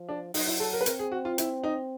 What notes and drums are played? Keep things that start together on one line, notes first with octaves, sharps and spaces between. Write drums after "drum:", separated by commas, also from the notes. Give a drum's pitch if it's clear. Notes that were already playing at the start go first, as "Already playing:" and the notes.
Already playing: F3
D4
F#3 D#4, drum: open hi-hat
E4
A4
A#4
B4
C4 A#4, drum: hi-hat
G#4
F#4
F4
E4, drum: hi-hat
D#4